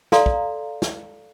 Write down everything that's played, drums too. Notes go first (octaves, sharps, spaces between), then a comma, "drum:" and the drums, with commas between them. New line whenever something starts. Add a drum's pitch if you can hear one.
A4 D5 F5 A#5 C6, drum: snare
drum: kick
drum: snare